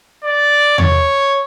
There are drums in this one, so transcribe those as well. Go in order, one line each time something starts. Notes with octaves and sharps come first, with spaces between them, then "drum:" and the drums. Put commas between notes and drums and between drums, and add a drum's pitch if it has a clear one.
D5
C#5, drum: tom E2